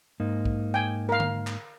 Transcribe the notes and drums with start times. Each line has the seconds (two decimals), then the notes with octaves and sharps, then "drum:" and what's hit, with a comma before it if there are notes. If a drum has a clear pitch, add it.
0.20 G#2 A#3 D#4
0.45 drum: kick A#1
0.74 G5 G#5
1.09 A#4 F5
1.20 drum: tom D3
1.47 drum: clap